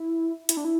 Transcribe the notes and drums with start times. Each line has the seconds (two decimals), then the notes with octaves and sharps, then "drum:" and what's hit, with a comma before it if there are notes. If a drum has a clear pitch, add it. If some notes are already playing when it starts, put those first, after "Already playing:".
Already playing: E4
0.49 E4, drum: hi-hat
0.57 D4
0.65 E4